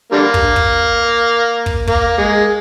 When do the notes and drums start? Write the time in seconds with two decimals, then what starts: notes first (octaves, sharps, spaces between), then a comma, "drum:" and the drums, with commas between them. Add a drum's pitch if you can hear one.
0.12 D3 G3 A#3
0.34 drum: kick
0.56 drum: kick
1.66 drum: kick
1.87 A#3, drum: kick
2.18 G#3